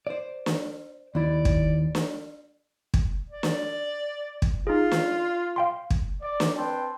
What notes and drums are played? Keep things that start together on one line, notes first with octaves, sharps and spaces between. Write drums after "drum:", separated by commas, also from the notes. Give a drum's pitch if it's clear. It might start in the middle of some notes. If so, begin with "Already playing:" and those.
C5 D5
drum: snare
D#2 E4 D5
drum: kick
drum: snare
drum: kick
D5
drum: snare
drum: kick
D#4 F4 G#4
drum: snare
F5 G5 C6
drum: kick
D5
drum: snare
C4 B4 G5 A5 C6